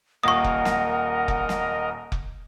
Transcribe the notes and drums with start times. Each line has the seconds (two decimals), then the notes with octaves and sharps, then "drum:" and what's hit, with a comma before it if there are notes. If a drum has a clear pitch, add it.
0.23 D#1 A#3 A#4 D#5 F#5 C#6 D#6
0.44 drum: kick F1
0.65 drum: snare
1.28 drum: kick F1
1.49 drum: snare
2.12 drum: kick F1